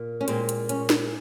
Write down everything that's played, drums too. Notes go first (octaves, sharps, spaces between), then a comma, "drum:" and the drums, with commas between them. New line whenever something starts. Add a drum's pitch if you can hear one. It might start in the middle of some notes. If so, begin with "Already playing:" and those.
Already playing: A#2
C#4
A#2 G#3 C4, drum: hi-hat
drum: hi-hat
C#4, drum: hi-hat
drum: snare